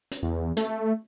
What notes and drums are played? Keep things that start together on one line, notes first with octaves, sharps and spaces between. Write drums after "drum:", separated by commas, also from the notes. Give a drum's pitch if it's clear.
drum: hi-hat
E2
A3, drum: hi-hat